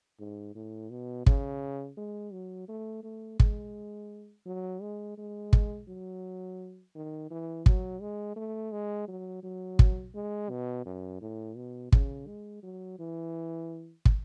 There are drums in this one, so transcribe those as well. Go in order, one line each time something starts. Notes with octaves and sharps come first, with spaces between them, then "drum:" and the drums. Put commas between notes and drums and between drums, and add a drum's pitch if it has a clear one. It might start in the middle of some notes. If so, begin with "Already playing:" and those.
G#2
A2
B2
C#3, drum: kick
G#3
F#3
A3
A3
G#3, drum: kick
F#3
G#3
G#3
drum: kick
F#3
D#3
E3
F#3, drum: kick
G#3
A3
G#3
F#3
F#3
drum: kick
G#3
B2
F#2
A2
B2
C#3, drum: kick
G#3
F#3
E3
drum: kick